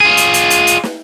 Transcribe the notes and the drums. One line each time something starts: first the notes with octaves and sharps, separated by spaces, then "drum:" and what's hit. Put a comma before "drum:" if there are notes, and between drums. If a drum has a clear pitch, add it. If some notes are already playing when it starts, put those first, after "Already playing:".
F4 G#4
drum: hi-hat
drum: hi-hat
drum: hi-hat
drum: hi-hat
drum: snare